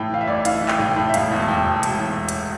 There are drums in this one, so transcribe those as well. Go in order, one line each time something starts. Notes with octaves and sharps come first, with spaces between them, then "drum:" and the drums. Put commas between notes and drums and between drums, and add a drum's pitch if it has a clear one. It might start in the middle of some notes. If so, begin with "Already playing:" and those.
Already playing: A2 E3 G5
E3 F5
E5
A1 D5
E3 F5, drum: hi-hat
E3
G5, drum: clap
A2
G5
A2
E5
E1 F5, drum: hi-hat
E2
A5
E2 G5
E1
E1, drum: hi-hat
E2
drum: hi-hat